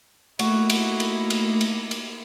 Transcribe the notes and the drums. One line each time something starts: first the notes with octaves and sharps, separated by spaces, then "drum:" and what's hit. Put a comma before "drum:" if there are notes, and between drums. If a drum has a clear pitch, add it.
A3 A#3 D#4 E4 F#4, drum: cymbal
drum: cymbal
drum: cymbal
drum: cymbal
drum: cymbal
drum: cymbal